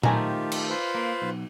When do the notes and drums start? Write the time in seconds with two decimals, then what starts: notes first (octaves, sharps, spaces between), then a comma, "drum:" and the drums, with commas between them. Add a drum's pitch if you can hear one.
0.03 D#3 A3 C4 F4 G4 G#5 A#5, drum: tom A#2
0.52 drum: cymbal
0.70 F4 B4 C5
0.95 A#3
1.22 B1